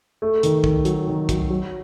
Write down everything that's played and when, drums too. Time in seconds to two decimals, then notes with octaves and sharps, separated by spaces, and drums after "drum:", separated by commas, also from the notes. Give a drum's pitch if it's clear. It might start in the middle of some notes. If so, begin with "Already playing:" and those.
0.22 A3
0.43 D#3, drum: hi-hat
0.64 D#3, drum: kick
0.85 F#3, drum: hi-hat
1.08 D#3
1.29 F#3, drum: kick, hi-hat
1.50 F#3